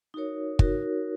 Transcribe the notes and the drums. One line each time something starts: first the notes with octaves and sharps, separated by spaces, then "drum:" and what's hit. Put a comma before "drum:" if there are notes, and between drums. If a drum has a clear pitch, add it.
D#4 F#4 A#4 C#5
D#4 F#4 A#4 C#5, drum: kick